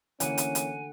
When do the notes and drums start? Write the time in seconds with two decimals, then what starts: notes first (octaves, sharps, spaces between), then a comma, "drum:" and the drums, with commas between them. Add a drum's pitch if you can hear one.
0.20 D3 E3 A#3 C#4 F#5 G#5, drum: hi-hat
0.38 drum: hi-hat
0.55 drum: hi-hat